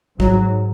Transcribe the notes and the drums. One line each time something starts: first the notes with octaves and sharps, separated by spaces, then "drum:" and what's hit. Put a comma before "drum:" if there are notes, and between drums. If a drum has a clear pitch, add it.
G#2 F#3, drum: kick